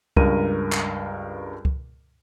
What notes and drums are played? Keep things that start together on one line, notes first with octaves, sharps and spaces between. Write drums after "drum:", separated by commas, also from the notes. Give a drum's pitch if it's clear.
C#2 G2 A#4 D#7, drum: kick C#2
drum: clap
drum: kick C#2